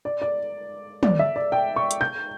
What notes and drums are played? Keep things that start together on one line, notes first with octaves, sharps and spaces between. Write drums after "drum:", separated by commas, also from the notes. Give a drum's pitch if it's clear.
D5
D5
D5, drum: tom
E5
D5
G5
C#6
drum: hi-hat
G6